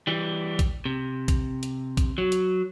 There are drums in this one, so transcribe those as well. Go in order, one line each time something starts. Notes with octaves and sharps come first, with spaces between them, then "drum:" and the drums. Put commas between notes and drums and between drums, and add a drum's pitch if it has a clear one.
E3 G3
drum: kick, hi-hat
C3
drum: kick, hi-hat
drum: hi-hat
drum: kick, hi-hat
F#3
drum: hi-hat